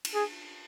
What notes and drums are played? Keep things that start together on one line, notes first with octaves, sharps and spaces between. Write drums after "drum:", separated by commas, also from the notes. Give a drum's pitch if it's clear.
drum: cymbal
G#4